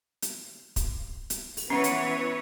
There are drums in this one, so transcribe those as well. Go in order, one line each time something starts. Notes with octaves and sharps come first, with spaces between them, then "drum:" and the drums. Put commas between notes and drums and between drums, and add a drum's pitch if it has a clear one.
drum: hi-hat
drum: kick, hi-hat
drum: hi-hat
drum: open hi-hat
E3 B3 C#4 B4 C#5
drum: hi-hat